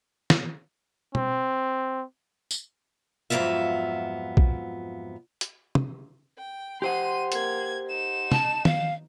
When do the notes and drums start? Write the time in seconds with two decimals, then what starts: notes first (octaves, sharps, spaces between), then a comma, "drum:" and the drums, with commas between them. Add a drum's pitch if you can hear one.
0.30 drum: snare
1.15 C4, drum: tom B2
2.51 drum: tambourine
3.30 F2 G#2 F#3 B3 F4 E5
4.37 drum: kick
5.41 drum: hi-hat
5.75 drum: tom
6.38 G5
6.82 G4 C5 F#5 C6 D#7
7.32 A#3 G#6, drum: hi-hat
7.88 D#4 E7
8.32 A5, drum: tom
8.65 F5, drum: tom D#3